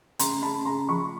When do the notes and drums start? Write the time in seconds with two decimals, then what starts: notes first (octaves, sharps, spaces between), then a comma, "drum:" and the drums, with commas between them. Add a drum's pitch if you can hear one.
0.19 C#3 A#5 C6, drum: hi-hat
0.42 C#3 A5 B5
0.65 C#3 A#5 C6
0.89 F3 B5 C#6